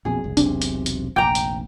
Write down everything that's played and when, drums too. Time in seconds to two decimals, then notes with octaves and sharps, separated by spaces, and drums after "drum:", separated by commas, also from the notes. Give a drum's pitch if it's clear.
0.05 A#1 F2 B2 G#4
0.24 F#1 C2
0.37 E1 B1 C3 D4, drum: hi-hat
0.62 drum: hi-hat
0.86 drum: hi-hat
1.16 F1 A#1 G5 G#5 A#5 D6 G6
1.35 drum: hi-hat